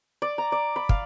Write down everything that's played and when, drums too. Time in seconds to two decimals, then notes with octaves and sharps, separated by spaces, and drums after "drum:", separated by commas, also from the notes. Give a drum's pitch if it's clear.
0.22 D5
0.38 A#5
0.52 D5
0.76 B5
0.89 F5, drum: kick